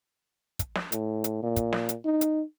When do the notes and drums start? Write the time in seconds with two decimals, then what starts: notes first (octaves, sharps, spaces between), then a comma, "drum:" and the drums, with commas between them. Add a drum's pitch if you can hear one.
0.59 drum: kick, hi-hat
0.75 drum: snare
0.92 A2, drum: hi-hat
1.24 drum: hi-hat
1.43 A#2
1.56 drum: kick, hi-hat
1.73 drum: snare
1.89 drum: hi-hat
2.05 D#4
2.21 drum: hi-hat